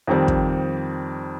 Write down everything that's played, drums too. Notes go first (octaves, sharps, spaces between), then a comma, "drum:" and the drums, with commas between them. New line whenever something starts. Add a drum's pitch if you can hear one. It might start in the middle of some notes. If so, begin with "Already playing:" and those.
F2 D#3 G3 C4 G4
drum: kick